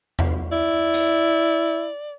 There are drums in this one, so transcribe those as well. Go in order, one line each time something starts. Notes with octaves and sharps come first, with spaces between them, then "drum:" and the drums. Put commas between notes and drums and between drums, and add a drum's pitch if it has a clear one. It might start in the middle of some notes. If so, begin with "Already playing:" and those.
drum: tom E2
E4 D5
drum: hi-hat